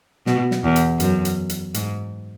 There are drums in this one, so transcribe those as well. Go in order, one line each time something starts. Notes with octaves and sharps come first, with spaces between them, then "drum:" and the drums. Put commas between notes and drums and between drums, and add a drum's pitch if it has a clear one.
B2, drum: snare
drum: snare
E2
drum: hi-hat
F#2, drum: hi-hat
drum: hi-hat
drum: hi-hat
G#2, drum: hi-hat